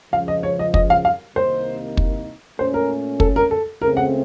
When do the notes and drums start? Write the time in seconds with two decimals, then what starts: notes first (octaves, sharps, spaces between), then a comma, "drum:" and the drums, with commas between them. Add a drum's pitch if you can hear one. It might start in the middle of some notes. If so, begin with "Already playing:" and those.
0.13 C#2 C#3 F3 F5
0.28 D#5
0.43 C#5
0.59 D#5
0.74 D#5, drum: kick
0.90 F5
1.05 F5
1.36 C2 C3 D#3 A#3 D#4 C5
1.97 drum: kick
2.59 A#2 A3 C#4 C5
2.74 A#4
3.20 A4, drum: kick
3.36 A#4
3.51 A4
3.82 C#2 C#3 A3 C4 A#4
3.97 F#5